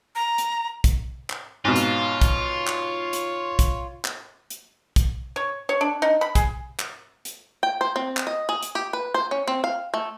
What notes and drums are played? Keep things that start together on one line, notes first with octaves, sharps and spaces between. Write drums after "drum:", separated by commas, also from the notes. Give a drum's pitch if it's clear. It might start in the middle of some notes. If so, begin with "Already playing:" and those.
A#5
drum: hi-hat
drum: kick, hi-hat
drum: clap
G#2 B2 F4 C#5
drum: hi-hat
drum: kick, hi-hat
drum: clap
drum: hi-hat
drum: kick, hi-hat
drum: clap
drum: hi-hat
drum: kick, hi-hat
C#5
C#5
D4
D#4
B5
G#4, drum: kick, hi-hat
drum: clap
drum: hi-hat
G5
C5
C4
drum: clap
D#5
G#4
drum: hi-hat
G4
B4
C5
C#4
C4
F5
A3